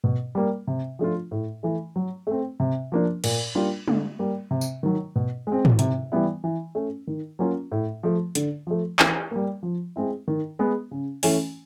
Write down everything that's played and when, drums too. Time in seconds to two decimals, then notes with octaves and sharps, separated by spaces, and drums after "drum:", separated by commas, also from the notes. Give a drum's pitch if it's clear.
0.04 B2
0.35 G3 A#3
0.67 C3
0.99 F3 A3 D4 F4
1.31 A2
1.63 E3 A3
1.96 F#3
2.27 A3 C4
2.60 C3
2.92 F3 A#3 D4
3.24 A#2, drum: cymbal
3.55 G3 A#3 D4 F4
3.88 D3, drum: tom
4.19 G3 A#3
4.51 C3
4.61 drum: tambourine
4.83 D#3 F#3
5.16 B2
5.47 G#3
5.52 C4
5.65 drum: tom
5.79 C3, drum: hi-hat
6.12 E3 G3 B3 E4
6.44 E3
6.75 A3 C#4
7.07 D#3
7.39 F#3 A#3 C#4 F4
7.72 A2
8.03 F3 A3
8.35 D3, drum: hi-hat
8.67 F3 A3
8.99 E3, drum: clap
9.31 G3 A#3
9.63 F3
9.96 G#3 C4 E4
10.28 D#3
10.59 G#3 B3
10.91 C#3
11.23 E3 A3 C#4, drum: open hi-hat